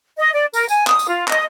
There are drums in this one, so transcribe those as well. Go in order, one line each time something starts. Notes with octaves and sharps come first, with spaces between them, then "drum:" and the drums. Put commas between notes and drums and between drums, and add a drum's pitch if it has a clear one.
D#5
D5
A#4, drum: tambourine
G#5, drum: tambourine
D#6, drum: clap
drum: tambourine
F4
D#5, drum: clap